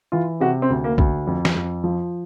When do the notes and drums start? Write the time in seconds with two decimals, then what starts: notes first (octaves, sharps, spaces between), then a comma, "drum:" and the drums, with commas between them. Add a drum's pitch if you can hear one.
0.12 E3 F4
0.40 C3 F#4
0.62 C4
0.70 D2
0.84 A#3
0.98 D2, drum: kick
1.27 F2
1.45 drum: snare
1.55 F2
1.84 F3